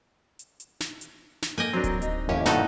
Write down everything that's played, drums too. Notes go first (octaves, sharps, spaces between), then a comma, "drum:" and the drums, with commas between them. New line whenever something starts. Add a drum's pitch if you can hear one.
drum: hi-hat
drum: hi-hat
drum: snare
drum: hi-hat
drum: snare
A#3 D#5 G5 G#5
F#3 C4 D4 A#4
drum: kick D1, hi-hat
D#4, drum: hi-hat
D#2 A#3 C#4 E4 G4
G2 B2 D#3 D#4 F#4 A4, drum: snare